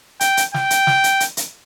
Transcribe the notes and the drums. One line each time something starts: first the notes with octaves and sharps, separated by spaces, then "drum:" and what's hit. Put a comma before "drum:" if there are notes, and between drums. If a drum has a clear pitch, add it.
G5, drum: hi-hat
drum: hi-hat
G5, drum: snare
drum: hi-hat
drum: snare
drum: hi-hat
drum: hi-hat
drum: hi-hat